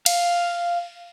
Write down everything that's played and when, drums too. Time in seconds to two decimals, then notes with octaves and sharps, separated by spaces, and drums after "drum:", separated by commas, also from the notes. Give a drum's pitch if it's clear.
0.06 F5, drum: cymbal